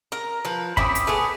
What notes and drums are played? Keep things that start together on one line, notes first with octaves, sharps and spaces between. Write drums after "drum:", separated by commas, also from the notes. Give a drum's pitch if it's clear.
A#4 A#5
F3 B4
C4 C#4 E4 B5 D6 D#6, drum: kick
drum: hi-hat
A3 B3 G#4